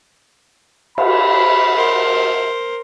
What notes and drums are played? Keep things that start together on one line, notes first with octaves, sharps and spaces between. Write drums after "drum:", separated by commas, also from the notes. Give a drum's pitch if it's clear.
B5, drum: cymbal
A#4 C5